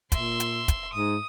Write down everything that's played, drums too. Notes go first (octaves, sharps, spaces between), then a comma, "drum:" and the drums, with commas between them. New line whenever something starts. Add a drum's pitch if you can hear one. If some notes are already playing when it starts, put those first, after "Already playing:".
A#2 E5 C6, drum: kick, hi-hat
drum: hi-hat
drum: kick, hi-hat
G#2 D#6